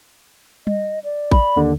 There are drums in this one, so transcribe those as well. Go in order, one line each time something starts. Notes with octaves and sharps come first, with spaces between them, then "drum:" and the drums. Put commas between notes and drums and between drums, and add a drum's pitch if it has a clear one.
D#5, drum: tom G3
D5
B5, drum: kick A1
D#2 D3